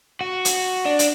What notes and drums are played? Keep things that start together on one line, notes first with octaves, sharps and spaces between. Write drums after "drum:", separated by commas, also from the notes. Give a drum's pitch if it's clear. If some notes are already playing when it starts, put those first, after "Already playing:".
F#4
drum: hi-hat
D4
drum: hi-hat